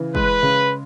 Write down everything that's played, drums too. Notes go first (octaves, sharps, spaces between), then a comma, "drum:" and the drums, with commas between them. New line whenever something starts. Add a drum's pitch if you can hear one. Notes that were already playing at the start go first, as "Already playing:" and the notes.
Already playing: C#3 E3
G#3 B4, drum: kick
C#3